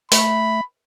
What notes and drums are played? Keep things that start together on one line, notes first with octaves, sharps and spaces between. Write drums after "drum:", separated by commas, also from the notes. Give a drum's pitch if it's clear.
A3 B5, drum: open hi-hat